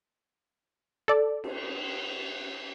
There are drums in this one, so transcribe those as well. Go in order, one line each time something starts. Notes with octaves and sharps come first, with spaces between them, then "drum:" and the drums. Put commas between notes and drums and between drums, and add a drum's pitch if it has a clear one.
A4 D5
drum: cymbal